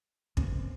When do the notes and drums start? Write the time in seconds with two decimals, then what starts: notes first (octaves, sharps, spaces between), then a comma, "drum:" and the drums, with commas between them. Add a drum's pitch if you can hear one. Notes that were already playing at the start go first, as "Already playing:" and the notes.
0.37 F#2 C#3 C4, drum: kick